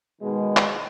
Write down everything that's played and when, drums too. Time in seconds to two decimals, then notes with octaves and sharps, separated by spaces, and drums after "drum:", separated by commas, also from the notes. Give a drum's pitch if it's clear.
0.22 B2 D#3 G#3
0.57 drum: clap